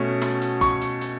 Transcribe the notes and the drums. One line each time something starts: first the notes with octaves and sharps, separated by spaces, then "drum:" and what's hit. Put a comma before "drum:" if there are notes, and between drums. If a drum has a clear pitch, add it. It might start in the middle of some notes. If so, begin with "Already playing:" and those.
Already playing: B2 A3 C#4
drum: snare
drum: hi-hat
C#6, drum: kick, hi-hat
drum: hi-hat
drum: hi-hat